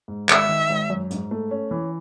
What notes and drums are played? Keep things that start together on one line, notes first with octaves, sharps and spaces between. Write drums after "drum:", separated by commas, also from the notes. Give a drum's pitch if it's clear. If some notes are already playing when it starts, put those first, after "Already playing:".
G#2
G#1 E5, drum: clap
D#3
G#1
F#2
G#2, drum: hi-hat
A3
C#4
E3